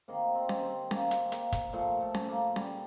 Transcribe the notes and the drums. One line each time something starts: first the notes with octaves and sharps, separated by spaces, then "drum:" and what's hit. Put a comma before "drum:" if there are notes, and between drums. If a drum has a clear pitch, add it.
C3 D#3 A#3
C4
drum: snare C#4
C4
A#3, drum: snare C#4
drum: hi-hat
A#3, drum: hi-hat
drum: kick, hi-hat
A#2 F3 A3
A3
drum: snare C#4
A#3
G3, drum: snare C#4